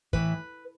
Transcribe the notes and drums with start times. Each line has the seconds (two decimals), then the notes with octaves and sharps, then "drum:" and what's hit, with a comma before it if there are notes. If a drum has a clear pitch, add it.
0.13 A2 E3 B4, drum: kick